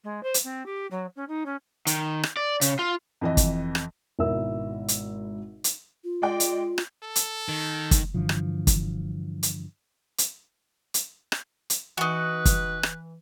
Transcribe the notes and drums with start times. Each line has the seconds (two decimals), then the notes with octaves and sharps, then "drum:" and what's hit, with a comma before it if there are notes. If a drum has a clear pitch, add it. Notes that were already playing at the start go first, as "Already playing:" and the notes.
0.04 G#3
0.23 C5
0.34 drum: hi-hat
0.44 C4
0.66 G4
0.91 F#3
1.16 C#4
1.28 D#4
1.46 C#4
1.87 D#3, drum: hi-hat
2.23 drum: rim click
2.37 D5
2.61 C#3, drum: hi-hat
2.79 F4
3.21 F2 E3 D#5
3.37 drum: kick, hi-hat
3.75 drum: rim click
4.19 G#1 B2 E4 A#4 E5 E6
4.88 drum: hi-hat
5.64 drum: hi-hat
6.04 F4
6.22 G#3 D5 G5
6.40 drum: hi-hat
6.78 drum: rim click
7.03 A4
7.16 drum: hi-hat
7.49 D#3
7.91 drum: kick, hi-hat
8.14 G2 D3 E3 F3
8.29 drum: rim click
8.67 drum: kick, hi-hat
9.43 drum: hi-hat
10.18 drum: hi-hat
10.94 drum: hi-hat
11.32 drum: rim click
11.70 drum: hi-hat
11.98 E3 D#4 F#4 B4
12.45 drum: kick, hi-hat
12.83 drum: rim click